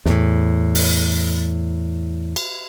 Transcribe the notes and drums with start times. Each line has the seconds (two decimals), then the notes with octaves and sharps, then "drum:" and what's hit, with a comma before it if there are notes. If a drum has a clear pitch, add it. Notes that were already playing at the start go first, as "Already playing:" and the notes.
0.06 E2 A2, drum: snare
0.75 drum: open hi-hat
2.36 drum: cymbal